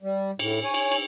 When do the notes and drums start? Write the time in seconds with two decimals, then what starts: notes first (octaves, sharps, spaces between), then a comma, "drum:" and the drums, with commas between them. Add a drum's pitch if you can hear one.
0.02 G3
0.39 A2, drum: cymbal
0.64 C#5 G#5
0.74 drum: cymbal
0.91 drum: cymbal